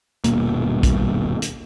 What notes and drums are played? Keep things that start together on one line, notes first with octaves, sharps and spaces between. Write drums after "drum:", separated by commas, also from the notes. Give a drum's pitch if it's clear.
D#1 G2 B2 A#3, drum: hi-hat
drum: kick, hi-hat
drum: hi-hat